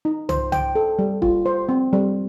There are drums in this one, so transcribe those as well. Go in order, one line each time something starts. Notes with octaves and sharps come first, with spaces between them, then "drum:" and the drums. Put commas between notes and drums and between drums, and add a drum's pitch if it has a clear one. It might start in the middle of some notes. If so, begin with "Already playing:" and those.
D#4
C5, drum: tom C2
G5, drum: tom C2
A4
G3
F4, drum: kick
C5
C4
G3